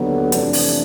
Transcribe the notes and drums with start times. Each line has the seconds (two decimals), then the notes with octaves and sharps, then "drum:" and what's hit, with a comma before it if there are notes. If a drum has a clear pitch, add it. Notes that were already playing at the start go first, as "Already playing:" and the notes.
Already playing: D#2 D3 F#3 B3
0.32 F2 C3 E3 A3 D4, drum: hi-hat
0.53 drum: open hi-hat